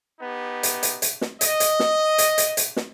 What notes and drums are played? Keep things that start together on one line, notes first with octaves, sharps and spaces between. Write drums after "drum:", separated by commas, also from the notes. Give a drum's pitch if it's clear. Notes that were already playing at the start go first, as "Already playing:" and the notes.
B3 D#4 G4
drum: hi-hat
drum: hi-hat
drum: hi-hat
drum: snare
D#5, drum: hi-hat
drum: hi-hat
drum: snare
drum: hi-hat
drum: hi-hat
drum: hi-hat
drum: snare